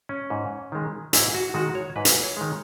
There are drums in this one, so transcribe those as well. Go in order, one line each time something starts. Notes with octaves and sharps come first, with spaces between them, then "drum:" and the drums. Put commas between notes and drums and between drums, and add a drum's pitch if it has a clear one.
C#4
G#2
D#3 G#3
G#2 E4, drum: hi-hat
F#4
D#3 G#3 F#4
C#5
G#2 B4
drum: hi-hat
C#5
D#3 G#3